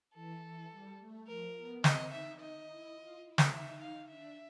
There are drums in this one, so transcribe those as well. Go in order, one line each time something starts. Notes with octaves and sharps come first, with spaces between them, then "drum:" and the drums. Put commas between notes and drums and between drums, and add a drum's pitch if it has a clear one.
E3 A4
E3
G3
A3
F3 A#4
B3
C4 D#5, drum: snare
D#4 E5
D#4 D#5
E4
F4
E4
drum: snare
D#4 E5
F5
D4 E5